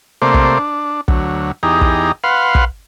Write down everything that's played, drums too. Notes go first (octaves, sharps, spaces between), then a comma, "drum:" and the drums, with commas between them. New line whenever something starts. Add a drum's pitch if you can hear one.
C3 A3 A#3 C5 D5
drum: kick
D4
D2 F#3, drum: kick
E2 D#4 G4 G#4 A#5
drum: kick
B4 F5 F#5 C6
drum: kick